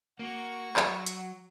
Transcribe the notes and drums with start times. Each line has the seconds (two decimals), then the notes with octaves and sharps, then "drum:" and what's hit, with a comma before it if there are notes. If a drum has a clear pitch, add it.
0.19 A#3 F#4 C#6
0.76 F#3, drum: clap
1.06 drum: hi-hat